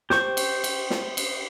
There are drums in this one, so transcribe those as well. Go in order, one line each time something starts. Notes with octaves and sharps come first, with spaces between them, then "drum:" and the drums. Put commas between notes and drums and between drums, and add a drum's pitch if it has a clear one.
G4 C5 C#6, drum: snare
drum: cymbal
drum: cymbal
drum: snare
drum: cymbal